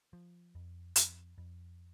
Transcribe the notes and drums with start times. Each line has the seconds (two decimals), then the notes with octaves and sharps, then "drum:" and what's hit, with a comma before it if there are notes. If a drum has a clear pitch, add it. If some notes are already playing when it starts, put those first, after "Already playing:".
0.13 F3
0.55 F2
0.96 F2, drum: hi-hat
1.38 F2